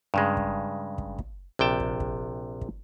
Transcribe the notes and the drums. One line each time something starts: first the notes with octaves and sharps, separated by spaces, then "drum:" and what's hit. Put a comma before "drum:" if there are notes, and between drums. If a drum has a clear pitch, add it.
G2 C#3 G#3
drum: kick
drum: kick
drum: kick
A#1 C3 G5 A5
drum: kick
drum: kick
drum: kick